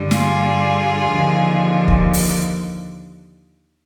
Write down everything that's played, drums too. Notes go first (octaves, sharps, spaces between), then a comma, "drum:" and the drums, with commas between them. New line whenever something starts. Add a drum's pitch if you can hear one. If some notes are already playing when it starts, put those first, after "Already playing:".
Already playing: G2 D3 G3
F4 G#4, drum: snare
D#2 D3 F3
drum: kick
drum: open hi-hat